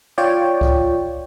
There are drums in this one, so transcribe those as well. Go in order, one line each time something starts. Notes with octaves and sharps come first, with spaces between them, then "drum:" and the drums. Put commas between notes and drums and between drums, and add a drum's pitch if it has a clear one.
F4 C#5 D5 G5
drum: kick C#2